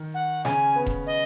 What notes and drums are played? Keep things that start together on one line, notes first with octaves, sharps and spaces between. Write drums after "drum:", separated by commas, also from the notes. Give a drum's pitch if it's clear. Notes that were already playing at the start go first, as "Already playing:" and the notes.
Already playing: D#3
F#5
C#3 C#4 G#5, drum: rim click
B3
drum: kick E1
D#5